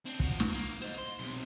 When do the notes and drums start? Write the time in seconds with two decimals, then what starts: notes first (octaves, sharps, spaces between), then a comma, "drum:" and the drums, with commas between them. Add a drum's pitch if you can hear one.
0.06 C4 D4
0.20 F3 F#4, drum: kick
0.40 drum: snare
0.52 A#3
0.82 C5 D#5
0.98 C6
1.20 B1 C3